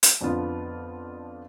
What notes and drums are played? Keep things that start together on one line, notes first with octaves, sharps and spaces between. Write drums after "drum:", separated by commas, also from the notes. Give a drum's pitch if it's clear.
drum: hi-hat
F2 D3 F3 B3 F4